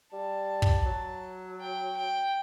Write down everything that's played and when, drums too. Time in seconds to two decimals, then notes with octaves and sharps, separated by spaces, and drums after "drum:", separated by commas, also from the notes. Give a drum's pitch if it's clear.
0.13 G3 A5
0.62 drum: kick
0.86 F#3
1.61 G5
1.97 G5